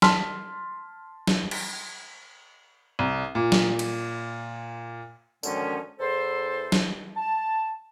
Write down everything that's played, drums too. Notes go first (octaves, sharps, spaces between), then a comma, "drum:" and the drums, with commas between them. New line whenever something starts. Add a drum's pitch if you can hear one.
A5 C6 F6 B6, drum: snare
drum: snare
drum: cymbal
C2
A#2
drum: snare
drum: cymbal
F#2 D3 D#3 F3 G#3 C#4, drum: tambourine
E2 A4 C5
drum: snare
A5